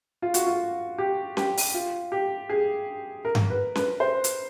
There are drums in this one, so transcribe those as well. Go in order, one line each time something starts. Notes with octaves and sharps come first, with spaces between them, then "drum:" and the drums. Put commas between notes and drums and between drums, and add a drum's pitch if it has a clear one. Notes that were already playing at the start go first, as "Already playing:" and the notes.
F4
F#4, drum: hi-hat
F4
G4
G4, drum: snare C#4
drum: open hi-hat
F4
G4
G#4
A#4
drum: tom G2
B4
B4, drum: snare C#4
C5
drum: hi-hat